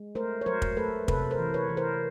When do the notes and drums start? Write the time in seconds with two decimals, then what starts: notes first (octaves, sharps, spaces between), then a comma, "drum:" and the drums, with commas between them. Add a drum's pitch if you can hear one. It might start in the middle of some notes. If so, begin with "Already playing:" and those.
Already playing: G#3
0.15 A3 A#4 C5
0.41 C#5
0.46 F#3 A#4 C5
0.62 drum: kick
0.77 A3 A4 B4
1.08 C3 A4 B4, drum: kick
1.31 A#4 C5
1.39 E3
1.54 B4 C#5
1.69 E3
1.77 A#4 C5